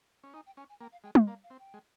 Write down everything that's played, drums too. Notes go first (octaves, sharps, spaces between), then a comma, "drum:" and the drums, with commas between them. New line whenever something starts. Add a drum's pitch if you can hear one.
C#4
D#4 G#5
G5
C#4 G#5
G#5
A#3 G5
F5
G#3 G5
F5, drum: tom
A#3 F5
F5
C4
G5
G#3